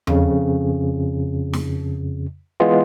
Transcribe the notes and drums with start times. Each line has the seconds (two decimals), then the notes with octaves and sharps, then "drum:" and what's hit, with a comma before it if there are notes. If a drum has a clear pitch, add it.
0.07 F2 C#3, drum: tom E2
1.53 drum: snare
2.60 E3 G#3 B3 F4